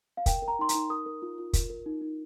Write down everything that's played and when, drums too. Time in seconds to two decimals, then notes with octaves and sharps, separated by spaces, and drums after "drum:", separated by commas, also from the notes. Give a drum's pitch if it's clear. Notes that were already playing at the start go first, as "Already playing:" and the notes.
0.17 F5
0.26 A#4 G5, drum: kick, hi-hat
0.42 A#4
0.48 A#5
0.59 D#4 C6
0.69 A#5, drum: hi-hat
0.75 D#4
0.90 A#4 D#6
1.06 A#4
1.22 F4
1.38 F4
1.53 A#4, drum: kick, hi-hat
1.70 A#4
1.86 D#4
2.01 D#4